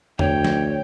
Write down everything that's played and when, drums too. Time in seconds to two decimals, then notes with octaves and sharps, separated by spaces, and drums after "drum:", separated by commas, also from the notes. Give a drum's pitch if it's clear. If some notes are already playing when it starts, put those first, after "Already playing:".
0.19 D2 C#5 G5, drum: tom E2
0.44 drum: snare